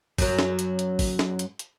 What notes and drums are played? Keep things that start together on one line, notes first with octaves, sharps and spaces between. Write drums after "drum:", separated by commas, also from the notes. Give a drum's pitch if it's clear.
F#2 F#3, drum: kick, open hi-hat
drum: snare
drum: hi-hat
drum: hi-hat
drum: kick, open hi-hat
drum: snare
drum: hi-hat
drum: hi-hat